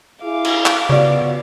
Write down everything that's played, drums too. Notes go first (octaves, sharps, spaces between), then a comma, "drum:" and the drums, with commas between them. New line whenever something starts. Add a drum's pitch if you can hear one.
E4 G#4 F5 D6
drum: cymbal
drum: clap
C#3 B3 F4 F#4 C#5 D5